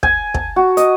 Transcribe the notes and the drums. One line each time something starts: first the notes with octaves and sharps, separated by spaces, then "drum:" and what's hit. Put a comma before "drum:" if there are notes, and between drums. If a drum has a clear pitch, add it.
G#5, drum: kick
A5, drum: kick
F#4
D#5, drum: hi-hat